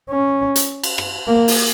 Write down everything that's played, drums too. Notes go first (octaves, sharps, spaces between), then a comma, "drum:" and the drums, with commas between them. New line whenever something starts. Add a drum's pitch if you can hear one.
C#4
drum: hi-hat
drum: cymbal
drum: rim click
A#3
drum: open hi-hat